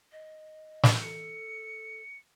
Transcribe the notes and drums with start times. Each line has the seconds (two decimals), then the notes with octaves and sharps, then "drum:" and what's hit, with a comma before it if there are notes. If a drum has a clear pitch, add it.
0.12 D#5
0.83 drum: snare
1.01 A4 C#7